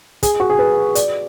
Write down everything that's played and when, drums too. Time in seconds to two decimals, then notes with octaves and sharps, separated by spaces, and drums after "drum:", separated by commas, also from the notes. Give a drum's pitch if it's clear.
0.23 G#4, drum: kick, hi-hat
0.40 F#4
0.50 G#4
0.59 B4
0.95 D5, drum: hi-hat